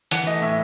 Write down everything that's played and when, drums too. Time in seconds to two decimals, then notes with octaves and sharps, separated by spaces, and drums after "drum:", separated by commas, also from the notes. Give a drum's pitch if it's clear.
0.11 E3 F#5, drum: hi-hat
0.27 A3 D#5
0.41 A2 E5